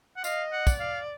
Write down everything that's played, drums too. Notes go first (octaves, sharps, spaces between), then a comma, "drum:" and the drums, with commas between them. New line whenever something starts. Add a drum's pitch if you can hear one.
F#5
D#5 F5, drum: tambourine
F#5
D5, drum: kick, tambourine
F5